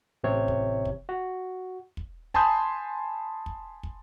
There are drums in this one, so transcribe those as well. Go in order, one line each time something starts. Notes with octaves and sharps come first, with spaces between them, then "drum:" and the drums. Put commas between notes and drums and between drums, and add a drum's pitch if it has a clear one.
A1 C3 C4 C#5
drum: kick
drum: kick
F#4
drum: kick
G#5 A5 B5 C6 D#6 G6, drum: kick
drum: kick
drum: kick